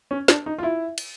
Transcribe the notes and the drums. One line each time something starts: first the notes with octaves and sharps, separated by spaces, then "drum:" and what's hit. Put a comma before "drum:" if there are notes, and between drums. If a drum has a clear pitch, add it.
C#4
D4, drum: snare
D#4
F4
E4
drum: cymbal